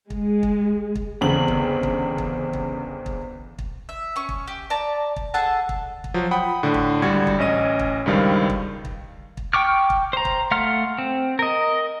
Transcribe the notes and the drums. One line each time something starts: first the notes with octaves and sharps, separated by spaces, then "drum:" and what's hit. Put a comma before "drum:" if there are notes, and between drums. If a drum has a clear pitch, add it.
G#3, drum: kick
drum: kick
drum: kick
G1 E2 C#3 C4 F#7
drum: kick
drum: kick
drum: kick
drum: kick
drum: kick
drum: kick
E5
C#4 C#6
drum: kick
G4
D5 A5 A#5
drum: kick
G#4 A4 F#5 A5
drum: kick
drum: kick
F3 F#3
F#5 G5 B5 D#6
A2 D3
drum: kick
G#1 D3 G3 F#4 G#6
drum: kick
A1 C#4 D#5 D#7
drum: kick
C#2 G2 D#3 G3 C5 F5
drum: kick
drum: kick
drum: kick
G5 C#6 D6 F6
drum: kick
C5 A#5
drum: kick
A3 F5 F#5 C6 F6
C4
A#4 D#5